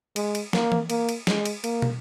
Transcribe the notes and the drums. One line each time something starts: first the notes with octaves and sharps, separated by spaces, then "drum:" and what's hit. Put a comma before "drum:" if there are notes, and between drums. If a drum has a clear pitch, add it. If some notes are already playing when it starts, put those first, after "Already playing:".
G#3, drum: cymbal
drum: cymbal
A#3, drum: snare
drum: tom E3
A#3, drum: cymbal
drum: cymbal
G#3, drum: snare
drum: cymbal
A#3, drum: cymbal
drum: tom